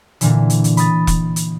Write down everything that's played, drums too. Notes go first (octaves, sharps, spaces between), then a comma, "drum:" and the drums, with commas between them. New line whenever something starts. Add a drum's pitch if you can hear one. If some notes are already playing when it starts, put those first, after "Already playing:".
A#2 D3 E3, drum: hi-hat
drum: hi-hat
drum: hi-hat
B5 D#6 A6, drum: hi-hat
drum: kick E1, hi-hat
drum: hi-hat